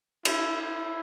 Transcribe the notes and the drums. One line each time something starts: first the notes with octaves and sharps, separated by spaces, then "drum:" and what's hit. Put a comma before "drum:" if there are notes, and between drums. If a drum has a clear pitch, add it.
E4, drum: cymbal
E4